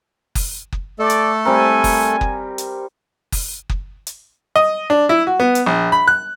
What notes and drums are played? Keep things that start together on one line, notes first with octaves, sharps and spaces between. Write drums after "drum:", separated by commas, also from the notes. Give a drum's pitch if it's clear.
drum: kick F#1, open hi-hat
drum: kick F#1
A3 A4 D5
drum: hi-hat
G3 C4 A#4 G#5
drum: kick F#1, open hi-hat
drum: kick F#1
drum: hi-hat
drum: kick F#1, open hi-hat
drum: kick F#1
drum: hi-hat
D#5
D4
E4
F#4
B3
drum: hi-hat
A#1
B5
F#6